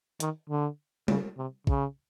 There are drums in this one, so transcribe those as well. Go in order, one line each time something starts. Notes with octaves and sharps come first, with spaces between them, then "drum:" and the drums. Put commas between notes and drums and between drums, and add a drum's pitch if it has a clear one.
D#3, drum: hi-hat
D3
C#3, drum: tom G3
C3
C#3, drum: kick